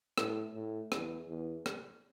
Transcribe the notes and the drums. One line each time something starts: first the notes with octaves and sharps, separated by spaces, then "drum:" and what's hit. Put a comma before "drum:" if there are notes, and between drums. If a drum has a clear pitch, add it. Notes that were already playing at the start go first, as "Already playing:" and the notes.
A2, drum: rim click
A2
E2, drum: rim click
E2
drum: rim click